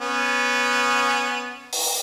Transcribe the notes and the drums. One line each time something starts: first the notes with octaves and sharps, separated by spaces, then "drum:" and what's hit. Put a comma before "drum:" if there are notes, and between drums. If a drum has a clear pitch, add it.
B3 C#4
drum: open hi-hat